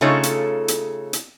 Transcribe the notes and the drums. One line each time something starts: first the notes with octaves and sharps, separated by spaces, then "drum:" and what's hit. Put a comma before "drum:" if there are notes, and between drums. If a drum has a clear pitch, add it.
C#3 A3 D#4 F4 A4 C#5
drum: hi-hat
drum: hi-hat
drum: hi-hat